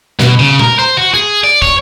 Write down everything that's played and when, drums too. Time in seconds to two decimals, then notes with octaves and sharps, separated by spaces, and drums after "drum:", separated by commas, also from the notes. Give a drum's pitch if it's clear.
0.20 B2, drum: snare
0.39 C#3
0.59 A#4, drum: tom A#2
0.79 C5
0.97 F#4
1.14 G#4
1.44 D5
1.62 C#5, drum: kick